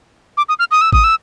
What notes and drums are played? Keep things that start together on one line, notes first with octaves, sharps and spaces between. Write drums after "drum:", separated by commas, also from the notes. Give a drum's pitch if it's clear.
D6
D#6
F6
D#6
E6
D#6, drum: kick G#1
E6